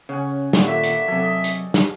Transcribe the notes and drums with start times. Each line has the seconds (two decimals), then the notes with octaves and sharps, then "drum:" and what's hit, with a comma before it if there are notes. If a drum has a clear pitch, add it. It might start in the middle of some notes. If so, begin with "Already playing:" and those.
0.09 C#3 C#4 F#5 G#5
0.53 D#2 A#2 D3 A#3 F#4, drum: snare
0.67 E5
0.84 drum: hi-hat
1.08 C3 F#3 A4 G#5
1.22 D#5
1.44 drum: hi-hat
1.74 drum: snare